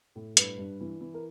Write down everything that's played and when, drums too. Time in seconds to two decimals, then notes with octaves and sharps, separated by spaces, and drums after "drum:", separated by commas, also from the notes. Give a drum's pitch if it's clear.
0.16 A2
0.37 G2 B4, drum: hi-hat
0.58 G2
0.80 E3
1.01 E3
1.14 A#4